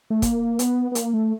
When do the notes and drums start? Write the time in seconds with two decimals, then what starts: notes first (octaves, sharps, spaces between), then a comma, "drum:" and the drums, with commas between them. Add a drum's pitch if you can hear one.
0.10 A3
0.22 A#3, drum: kick, hi-hat
0.59 B3, drum: hi-hat
0.92 B3
0.95 A#3, drum: hi-hat
1.14 A3